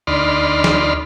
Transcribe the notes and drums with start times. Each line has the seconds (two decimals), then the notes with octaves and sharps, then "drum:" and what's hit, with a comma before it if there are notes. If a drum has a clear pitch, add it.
0.07 D2 D#4 D5 B5 C6 F6
0.64 drum: snare